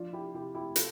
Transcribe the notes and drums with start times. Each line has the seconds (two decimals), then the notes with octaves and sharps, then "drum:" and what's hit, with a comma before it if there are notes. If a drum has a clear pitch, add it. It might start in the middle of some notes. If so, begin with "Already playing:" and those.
Already playing: F3 D4 F4
0.13 E4 G4
0.34 C3 E4 G4
0.55 E4 G4
0.76 F4 A4, drum: hi-hat